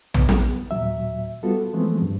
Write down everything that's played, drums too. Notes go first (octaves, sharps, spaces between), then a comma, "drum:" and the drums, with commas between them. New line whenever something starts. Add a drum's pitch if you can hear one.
B3, drum: tom A#1
drum: snare
D#2 A#2 F#3 E5
G3 B3 F4 F#4 A4
E3 F3 G#3 A3 B3 C4
G2